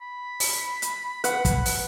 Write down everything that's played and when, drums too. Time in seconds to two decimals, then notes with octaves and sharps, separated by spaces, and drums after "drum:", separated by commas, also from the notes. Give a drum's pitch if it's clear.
0.02 B5
0.40 drum: open hi-hat
0.82 drum: hi-hat
1.24 B4 F#5, drum: hi-hat
1.45 drum: kick, hi-hat
1.66 drum: open hi-hat